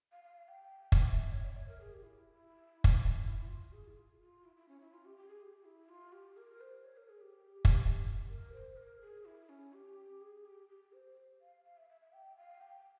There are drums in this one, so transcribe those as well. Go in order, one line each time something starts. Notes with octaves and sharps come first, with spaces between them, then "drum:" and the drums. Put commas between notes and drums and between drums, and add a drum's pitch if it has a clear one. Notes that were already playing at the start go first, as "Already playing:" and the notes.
F5
F5
F5
G5
drum: kick
E5
C#5
E5
C#5
A#4
G#4
G4
E4
drum: kick
E4
F4
G#4
E4
F4
F4
E4
E4
C#4
E4
F4
G4
G4
G#4
G4
E4
F4
G4
A#4
C5
C#5
A#4
G#4
G4
drum: kick
A#4
C5
A#4
G#4
E4
C#4
G4
G#4
G4
G4
C5
F5
F5
E5
E5
E5
G5
F5
G5